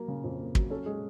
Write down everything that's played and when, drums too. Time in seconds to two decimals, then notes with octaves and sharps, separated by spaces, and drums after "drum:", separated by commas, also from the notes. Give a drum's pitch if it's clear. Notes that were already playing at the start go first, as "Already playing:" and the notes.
Already playing: F#3 A#3 A#4
0.08 C#3
0.24 F2
0.39 A#3
0.55 F#3, drum: kick
0.70 C#4 A4
0.86 G#3 G#4